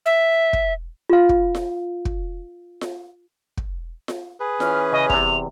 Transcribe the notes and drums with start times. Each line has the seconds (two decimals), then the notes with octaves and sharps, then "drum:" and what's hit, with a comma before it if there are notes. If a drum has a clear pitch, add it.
0.06 E5
0.53 drum: kick
1.10 F4 F5
1.29 drum: kick
1.55 drum: snare F4
2.05 drum: kick
2.81 drum: snare F4
3.57 drum: kick
4.08 drum: snare F4
4.40 G#4 B4
4.60 E3 C#4 F6, drum: snare F4
4.92 C#3 D#5
5.10 E2 C3 F7, drum: kick